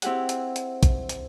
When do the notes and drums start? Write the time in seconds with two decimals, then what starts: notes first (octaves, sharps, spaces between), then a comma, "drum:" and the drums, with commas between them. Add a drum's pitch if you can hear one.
0.02 C4 E4 G4 G#4 F#5, drum: hi-hat
0.29 drum: hi-hat
0.56 drum: hi-hat
0.83 drum: kick, hi-hat
1.09 drum: hi-hat